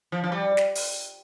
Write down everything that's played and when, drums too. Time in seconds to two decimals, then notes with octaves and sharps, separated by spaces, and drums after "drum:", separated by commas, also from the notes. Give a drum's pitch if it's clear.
0.12 F3
0.24 F3
0.32 G3
0.57 drum: snare
0.75 drum: open hi-hat